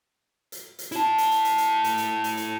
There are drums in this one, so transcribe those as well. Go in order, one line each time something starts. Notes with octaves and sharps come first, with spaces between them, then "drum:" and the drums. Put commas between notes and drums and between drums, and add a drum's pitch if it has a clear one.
drum: hi-hat
drum: hi-hat
E4 A5, drum: hi-hat
drum: hi-hat
drum: hi-hat
drum: hi-hat
drum: hi-hat
drum: hi-hat
drum: hi-hat
drum: hi-hat
drum: hi-hat